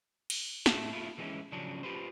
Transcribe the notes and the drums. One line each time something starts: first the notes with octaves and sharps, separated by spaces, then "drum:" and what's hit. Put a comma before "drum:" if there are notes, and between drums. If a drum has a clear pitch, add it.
drum: cymbal
A2 A3 C#4 G#4 E5 A5, drum: snare
A3 E4 F4
E3 G3 G#3 B3 C#4 E4
C#3 F3 F#3 C#4 D4
F4 G4 B4 C5